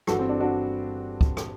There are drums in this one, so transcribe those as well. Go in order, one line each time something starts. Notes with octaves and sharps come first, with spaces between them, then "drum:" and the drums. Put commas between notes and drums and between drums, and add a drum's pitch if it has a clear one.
G1 G2 E3 F#4 A4, drum: rim click
C4
D4
D4 F#4
drum: kick
drum: rim click